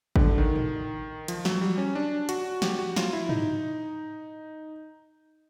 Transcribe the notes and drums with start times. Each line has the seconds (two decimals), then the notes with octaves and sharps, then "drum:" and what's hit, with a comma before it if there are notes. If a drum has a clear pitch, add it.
0.16 D3, drum: kick G#1
0.38 D#3
0.56 drum: tom A2
1.28 F3, drum: hi-hat
1.45 F#3, drum: snare
1.61 G3
1.78 C#4
1.95 D4
2.29 F#4, drum: hi-hat
2.62 G4, drum: snare
2.79 F#4
2.96 F4, drum: snare
3.13 E4
3.29 D#4, drum: tom G#2